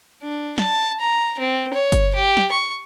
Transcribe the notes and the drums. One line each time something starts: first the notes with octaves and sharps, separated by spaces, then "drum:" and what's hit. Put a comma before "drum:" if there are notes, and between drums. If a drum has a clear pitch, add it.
D4
A5, drum: snare
A#5
C4
C#5
drum: kick G1, hi-hat
G4
drum: snare
C#6